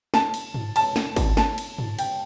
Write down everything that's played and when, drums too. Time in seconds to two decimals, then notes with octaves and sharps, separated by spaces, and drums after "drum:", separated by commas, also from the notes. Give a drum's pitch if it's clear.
0.14 A5, drum: snare
0.34 drum: cymbal
0.54 drum: tom
0.76 A5, drum: cymbal
0.96 drum: snare
1.16 drum: kick, cymbal
1.37 A5, drum: snare
1.58 drum: cymbal
1.78 drum: tom
1.99 G5, drum: cymbal